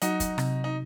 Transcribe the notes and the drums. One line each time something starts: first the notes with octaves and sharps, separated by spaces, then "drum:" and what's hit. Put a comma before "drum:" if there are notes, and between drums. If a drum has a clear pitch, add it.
F#3 D#4 F#4, drum: hi-hat
drum: kick, hi-hat
C3, drum: rim click
D#4